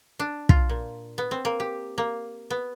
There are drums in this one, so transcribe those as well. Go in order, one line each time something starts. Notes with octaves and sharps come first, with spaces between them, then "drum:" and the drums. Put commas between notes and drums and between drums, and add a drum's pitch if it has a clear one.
D4
F4, drum: kick
A#2
B3
C4
A#3
G4
A#3
B3